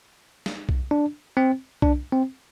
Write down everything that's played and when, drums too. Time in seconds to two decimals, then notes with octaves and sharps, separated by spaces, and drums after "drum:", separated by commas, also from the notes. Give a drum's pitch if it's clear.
0.46 drum: snare
0.69 drum: kick B1
0.91 D4
1.37 C4
1.82 D4, drum: kick B1
2.12 C4